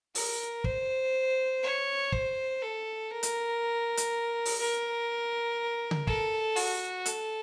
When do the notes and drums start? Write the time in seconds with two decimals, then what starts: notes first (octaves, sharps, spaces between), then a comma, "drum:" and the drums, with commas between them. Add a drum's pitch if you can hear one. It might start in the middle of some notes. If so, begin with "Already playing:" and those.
0.15 A#4, drum: open hi-hat
0.64 C5, drum: kick
1.63 C#5
2.12 C5, drum: kick
2.62 A4
3.11 A#4
3.23 drum: hi-hat
3.97 drum: hi-hat
4.45 drum: open hi-hat
4.60 A#4
5.91 drum: tom C#3
6.07 A4, drum: kick
6.56 F#4, drum: open hi-hat
7.06 A4, drum: hi-hat